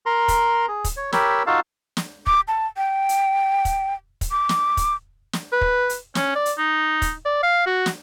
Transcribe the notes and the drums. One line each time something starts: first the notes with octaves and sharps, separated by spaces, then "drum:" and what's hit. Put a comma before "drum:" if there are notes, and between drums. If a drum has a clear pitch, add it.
A#4 A#5 C6
drum: kick, hi-hat
G#4
drum: kick, hi-hat
C#5
G4 A#4 C#5 B5 E6, drum: snare
D#4 F4 F#4 A4 F5 A5
drum: snare
D6, drum: kick
A5
G5
drum: hi-hat
drum: kick, hi-hat
drum: kick, hi-hat
D6
drum: snare
drum: kick, hi-hat
drum: snare
B4
drum: kick
drum: hi-hat
C#4, drum: snare
D5
drum: hi-hat
D#4
drum: kick, hi-hat
D5
F5
F#4
drum: snare